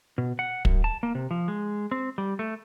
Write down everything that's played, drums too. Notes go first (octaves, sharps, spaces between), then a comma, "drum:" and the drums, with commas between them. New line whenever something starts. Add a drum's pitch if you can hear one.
B2
F#5
F#2, drum: kick
A5
A#3
C3
F3
G#3
C4
G3
A3